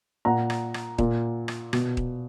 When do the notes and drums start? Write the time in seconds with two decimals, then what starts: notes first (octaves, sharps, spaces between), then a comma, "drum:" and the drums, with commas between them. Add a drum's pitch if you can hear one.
0.25 A#2 F#5 A#5
0.50 drum: rim click
0.74 drum: rim click
0.98 A#2, drum: kick D#1
1.48 drum: rim click
1.73 B2, drum: rim click
1.97 drum: kick D#1